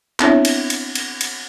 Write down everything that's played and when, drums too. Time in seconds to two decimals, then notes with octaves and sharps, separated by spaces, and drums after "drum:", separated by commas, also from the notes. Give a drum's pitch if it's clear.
0.20 B3 C4 D4 E4 C#5 E5, drum: clap
0.45 drum: cymbal
0.70 drum: cymbal
0.95 drum: cymbal
1.21 drum: cymbal